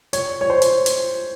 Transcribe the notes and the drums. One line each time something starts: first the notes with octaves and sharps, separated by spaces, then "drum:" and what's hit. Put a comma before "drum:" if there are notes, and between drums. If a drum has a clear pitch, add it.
C#5, drum: hi-hat
C#5
C5
drum: hi-hat
drum: hi-hat